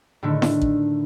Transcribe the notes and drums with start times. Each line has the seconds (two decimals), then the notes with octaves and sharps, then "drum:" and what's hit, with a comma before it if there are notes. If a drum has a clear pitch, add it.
0.23 A2 D3 D#3 A3
0.42 drum: snare E4
0.62 drum: kick